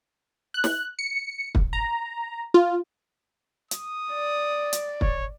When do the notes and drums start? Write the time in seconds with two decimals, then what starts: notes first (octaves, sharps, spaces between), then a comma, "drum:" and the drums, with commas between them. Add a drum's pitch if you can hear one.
0.54 F#6
0.64 drum: snare
0.99 C#7
1.55 drum: kick
1.73 A#5
2.54 F4
3.71 D#6, drum: hi-hat
4.13 D5
4.73 drum: hi-hat
5.01 C#5, drum: kick